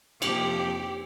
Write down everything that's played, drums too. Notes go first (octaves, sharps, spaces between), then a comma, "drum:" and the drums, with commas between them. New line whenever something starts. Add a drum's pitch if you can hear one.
F2 C3 F3 A#3 G4, drum: cymbal